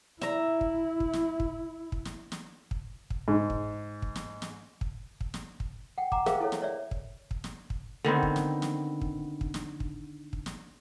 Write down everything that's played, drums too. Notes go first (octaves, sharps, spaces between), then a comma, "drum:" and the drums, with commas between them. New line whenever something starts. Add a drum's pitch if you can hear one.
E4 E5 A#5, drum: snare
drum: kick
drum: kick
drum: snare
drum: kick
drum: kick
drum: snare
drum: snare
drum: kick
drum: kick
G#2
drum: kick
drum: kick
drum: snare
drum: snare
drum: kick
drum: kick
drum: snare
drum: kick
F#5 G5
F#5 A#5 D6, drum: kick
G#4 A#4 C5 E5 F5 G5, drum: snare
E4 A4 C#5
drum: snare
C#5 D5 E5
drum: kick
drum: kick
drum: snare
drum: kick
D3 D#3 B3 C4
drum: kick
drum: snare
drum: snare
drum: kick
drum: kick
drum: snare
drum: kick
drum: kick
drum: snare